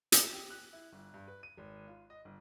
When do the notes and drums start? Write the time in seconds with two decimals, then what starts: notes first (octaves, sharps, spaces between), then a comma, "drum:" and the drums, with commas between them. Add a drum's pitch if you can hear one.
0.12 drum: hi-hat
0.32 G4
0.50 F#6
0.73 E4
0.92 G1
1.14 G2
1.28 B4
1.43 D#7
1.57 G#1
1.87 F4
2.10 D#5
2.25 G1